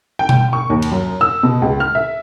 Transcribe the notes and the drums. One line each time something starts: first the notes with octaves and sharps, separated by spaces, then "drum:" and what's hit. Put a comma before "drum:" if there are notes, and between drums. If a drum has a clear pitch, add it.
G5
drum: tom B2
C#6
D#2
drum: cymbal
F#2
E6
B2
C#2
F6
E5